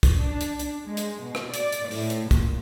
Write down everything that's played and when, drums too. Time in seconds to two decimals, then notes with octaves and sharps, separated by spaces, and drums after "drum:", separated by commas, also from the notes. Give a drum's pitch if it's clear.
0.03 drum: kick, hi-hat
0.18 D4
0.41 drum: hi-hat
0.59 drum: hi-hat
0.87 G#3
0.97 drum: hi-hat
1.23 B2
1.35 drum: rim click
1.54 D5, drum: hi-hat
1.72 drum: hi-hat
1.91 A2, drum: open hi-hat
2.10 drum: hi-hat
2.31 A#2, drum: kick, hi-hat